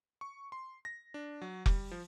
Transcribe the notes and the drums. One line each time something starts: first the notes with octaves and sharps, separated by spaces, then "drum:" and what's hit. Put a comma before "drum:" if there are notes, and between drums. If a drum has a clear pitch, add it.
C#6
C6
A#6
D4
F#3
G3, drum: kick F1
F3